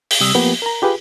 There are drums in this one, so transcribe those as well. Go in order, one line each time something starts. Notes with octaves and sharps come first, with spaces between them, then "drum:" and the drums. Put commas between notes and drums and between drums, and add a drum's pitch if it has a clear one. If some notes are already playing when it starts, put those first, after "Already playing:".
drum: open hi-hat
C3 G3 D#6 E6
F3 A#3 B3 G4
A#4 A#5
F4 G4 G#4 B4